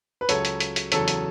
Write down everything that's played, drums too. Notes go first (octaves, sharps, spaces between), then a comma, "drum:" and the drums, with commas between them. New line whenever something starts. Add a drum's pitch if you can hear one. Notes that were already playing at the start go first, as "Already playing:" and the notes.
B4
C#2 C#3 F#3 A4 C#5, drum: hi-hat
drum: hi-hat
drum: hi-hat
drum: hi-hat
E2 C#3 F#3 A4 C#5, drum: hi-hat
drum: hi-hat